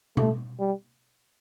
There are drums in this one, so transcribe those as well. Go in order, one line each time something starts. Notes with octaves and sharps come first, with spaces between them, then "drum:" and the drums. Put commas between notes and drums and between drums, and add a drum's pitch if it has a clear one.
A3, drum: tom B2
G3